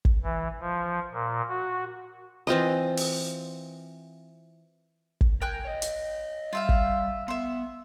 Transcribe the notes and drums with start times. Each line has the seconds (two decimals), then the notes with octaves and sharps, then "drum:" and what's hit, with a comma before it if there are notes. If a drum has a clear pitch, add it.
0.05 drum: kick
0.23 E3
0.61 F3
1.12 A#2
1.49 F#4
2.47 E3 C4 F4 D#5
2.97 drum: open hi-hat
5.21 drum: kick
5.42 A#4 G5 G#5 F#6
5.65 C#5 D#5
5.82 drum: hi-hat
6.53 G3 F4 E5 F5
6.69 drum: kick
7.28 B3 E5 C6